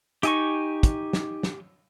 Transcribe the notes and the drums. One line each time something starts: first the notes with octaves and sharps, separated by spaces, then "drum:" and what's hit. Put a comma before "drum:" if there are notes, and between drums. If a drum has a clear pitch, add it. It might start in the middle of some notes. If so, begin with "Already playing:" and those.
D#4 G4 G#5 C#6, drum: hi-hat
drum: kick, hi-hat
drum: snare
drum: snare